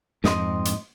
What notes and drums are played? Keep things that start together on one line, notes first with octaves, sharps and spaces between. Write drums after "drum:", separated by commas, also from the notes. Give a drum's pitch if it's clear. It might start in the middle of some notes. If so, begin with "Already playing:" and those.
F2 G#2 D#5 C6, drum: snare
drum: hi-hat